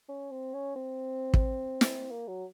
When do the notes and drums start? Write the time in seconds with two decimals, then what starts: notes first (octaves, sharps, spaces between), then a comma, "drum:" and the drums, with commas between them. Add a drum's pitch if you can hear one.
0.09 C#4
0.31 C4
0.54 C#4
0.76 C4
1.34 drum: kick
1.81 drum: snare
2.11 A#3
2.27 F#3